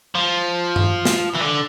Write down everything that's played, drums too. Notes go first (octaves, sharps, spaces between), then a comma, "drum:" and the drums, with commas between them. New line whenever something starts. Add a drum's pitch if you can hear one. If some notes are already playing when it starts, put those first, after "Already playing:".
F3
drum: tom G2
drum: snare
E3
D3